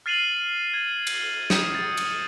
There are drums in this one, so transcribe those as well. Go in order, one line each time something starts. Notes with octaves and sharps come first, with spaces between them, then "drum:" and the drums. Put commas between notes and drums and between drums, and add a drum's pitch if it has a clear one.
F6 A6 C7 D#7 F7 F#7
G#6
drum: cymbal
D#6 G6 C#7 D7 E7, drum: snare
A6
drum: cymbal